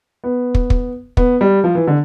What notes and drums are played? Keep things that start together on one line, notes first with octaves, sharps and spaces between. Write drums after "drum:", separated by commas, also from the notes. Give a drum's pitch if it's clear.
B3
drum: kick
drum: kick
B3, drum: kick
G3
F3
E3
D3